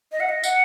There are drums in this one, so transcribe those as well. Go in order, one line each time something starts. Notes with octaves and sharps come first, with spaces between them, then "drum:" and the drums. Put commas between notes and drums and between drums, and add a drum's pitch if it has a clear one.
D#5
F#5
D#5
F#5, drum: tambourine